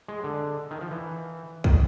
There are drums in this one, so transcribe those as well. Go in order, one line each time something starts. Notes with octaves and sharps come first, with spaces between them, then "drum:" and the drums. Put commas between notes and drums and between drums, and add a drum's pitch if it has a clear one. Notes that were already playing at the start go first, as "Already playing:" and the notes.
G#3
D3
D#3
F3
E3
D#3, drum: kick